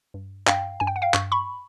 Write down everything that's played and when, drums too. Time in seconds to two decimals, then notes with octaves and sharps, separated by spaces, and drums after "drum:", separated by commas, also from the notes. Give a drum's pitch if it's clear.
0.14 G2
0.47 G2 F5 G5, drum: clap
0.80 G2 G#5
0.87 G5
0.96 F#5
1.02 F5 G5
1.14 G2 C#6, drum: clap
1.32 B5 C#6